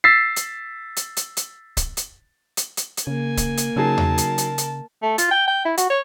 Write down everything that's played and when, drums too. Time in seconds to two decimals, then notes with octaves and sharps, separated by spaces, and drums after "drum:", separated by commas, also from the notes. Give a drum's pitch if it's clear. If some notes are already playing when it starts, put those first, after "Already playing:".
0.04 E6 A6 B6 C7
0.36 drum: hi-hat
0.96 drum: hi-hat
1.17 drum: hi-hat
1.37 drum: hi-hat
1.77 drum: kick C#1, hi-hat
1.97 drum: hi-hat
2.57 drum: hi-hat
2.77 drum: hi-hat
2.97 drum: hi-hat
3.07 C#3 A#3 G#5
3.37 drum: kick C#1, hi-hat
3.57 drum: hi-hat
3.76 C#3 F#3 D#4 G#4 A#4 A5
3.98 drum: tom E2
4.18 drum: hi-hat
4.38 drum: hi-hat
4.58 drum: hi-hat
5.02 A3
5.18 F4, drum: hi-hat
5.31 G5
5.48 G5
5.65 E4
5.77 F#4, drum: hi-hat
5.90 C#5